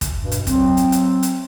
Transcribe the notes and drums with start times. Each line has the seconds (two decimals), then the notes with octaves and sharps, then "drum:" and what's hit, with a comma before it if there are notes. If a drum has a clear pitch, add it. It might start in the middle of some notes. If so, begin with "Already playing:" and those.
0.01 drum: kick, hi-hat
0.22 G2 B2
0.32 drum: hi-hat
0.47 F#3 C4, drum: kick, hi-hat
0.77 drum: hi-hat
0.92 drum: hi-hat
1.23 drum: hi-hat